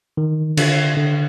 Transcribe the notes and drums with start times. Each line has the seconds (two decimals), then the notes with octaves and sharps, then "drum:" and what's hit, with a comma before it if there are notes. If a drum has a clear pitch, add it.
0.17 D#3
0.57 D3, drum: cymbal
0.97 D3